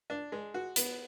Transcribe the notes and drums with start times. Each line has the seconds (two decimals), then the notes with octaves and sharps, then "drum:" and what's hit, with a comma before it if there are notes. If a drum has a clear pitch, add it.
0.10 D4
0.32 G#3
0.54 F#4
0.76 B3, drum: hi-hat